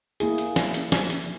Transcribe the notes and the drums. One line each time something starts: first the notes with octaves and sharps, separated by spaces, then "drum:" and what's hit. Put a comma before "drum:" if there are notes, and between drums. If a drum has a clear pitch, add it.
A#3 E4 G#4, drum: hi-hat
drum: hi-hat
drum: snare
drum: hi-hat
drum: snare
drum: hi-hat